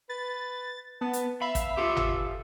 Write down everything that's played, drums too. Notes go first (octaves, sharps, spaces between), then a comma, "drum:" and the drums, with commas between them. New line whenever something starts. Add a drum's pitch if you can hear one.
B4 A6
B3 A5
drum: hi-hat
E5 F5 B5
drum: kick, hi-hat
F4 G4 A4
drum: tom